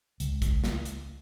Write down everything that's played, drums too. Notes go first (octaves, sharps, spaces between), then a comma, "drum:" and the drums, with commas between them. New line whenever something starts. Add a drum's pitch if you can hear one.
C#2, drum: hi-hat
drum: kick, hi-hat
drum: snare
drum: hi-hat